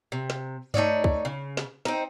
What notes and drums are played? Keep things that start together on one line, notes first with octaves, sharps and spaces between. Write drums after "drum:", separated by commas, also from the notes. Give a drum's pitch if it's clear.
C3
drum: snare
A3 D#4 C#5 D5, drum: tom G2
drum: kick
C#3
drum: snare
C4 D#4, drum: snare